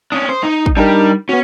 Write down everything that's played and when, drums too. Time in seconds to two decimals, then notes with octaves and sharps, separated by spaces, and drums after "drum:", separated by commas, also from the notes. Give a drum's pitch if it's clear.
0.12 C#4 D4 D#6
0.29 C5
0.43 D#4
0.66 drum: kick
0.77 G3 D4 D#4 A#4
1.29 B3 C#4 F#4